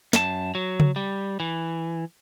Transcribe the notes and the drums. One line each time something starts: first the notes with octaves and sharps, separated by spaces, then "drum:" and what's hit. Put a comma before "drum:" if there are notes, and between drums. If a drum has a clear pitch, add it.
F#2 A5, drum: snare
F#3
drum: tom C#3
G3
E3